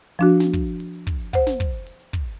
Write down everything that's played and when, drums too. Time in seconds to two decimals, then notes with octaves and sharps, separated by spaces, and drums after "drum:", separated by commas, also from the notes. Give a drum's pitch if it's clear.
0.19 F3 D4 F#4
0.40 drum: snare
0.53 drum: kick, hi-hat
0.67 drum: hi-hat
0.80 drum: open hi-hat
0.93 drum: hi-hat
1.07 drum: kick, hi-hat
1.20 drum: hi-hat
1.33 C5 F#5, drum: kick, hi-hat
1.47 drum: snare
1.60 drum: kick, hi-hat
1.73 drum: hi-hat
1.87 drum: open hi-hat
2.00 drum: hi-hat
2.13 drum: kick, hi-hat